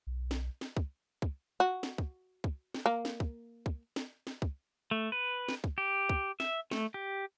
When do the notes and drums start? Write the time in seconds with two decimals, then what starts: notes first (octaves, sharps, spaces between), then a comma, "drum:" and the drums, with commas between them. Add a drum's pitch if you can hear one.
0.07 B1
0.31 drum: snare
0.61 drum: snare
0.77 drum: kick
1.22 drum: kick
1.60 F#4
1.83 drum: snare
1.98 drum: kick
2.44 drum: kick
2.74 drum: snare
2.86 A#3
3.05 drum: snare
3.20 drum: kick
3.66 drum: kick
3.96 drum: snare
4.27 drum: snare
4.42 drum: kick
4.91 A3
5.12 B4
5.49 drum: snare
5.64 drum: kick
5.78 G4
6.09 drum: kick
6.40 E5, drum: snare
6.71 A3, drum: snare
6.94 G4